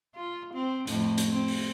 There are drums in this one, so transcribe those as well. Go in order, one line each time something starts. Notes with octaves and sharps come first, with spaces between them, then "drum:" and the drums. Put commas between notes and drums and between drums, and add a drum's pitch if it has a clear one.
F4
C4
F2 A2, drum: hi-hat
drum: hi-hat
C4
drum: open hi-hat